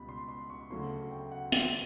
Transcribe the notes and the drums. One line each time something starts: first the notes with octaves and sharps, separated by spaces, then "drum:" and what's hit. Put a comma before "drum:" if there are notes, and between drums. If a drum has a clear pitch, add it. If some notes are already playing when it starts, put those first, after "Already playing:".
Already playing: C#2 B2 G3 B5
C6
C6
C#6
D2 C#3 F#3 A3 C6
C#6
G5
F#5
C6, drum: hi-hat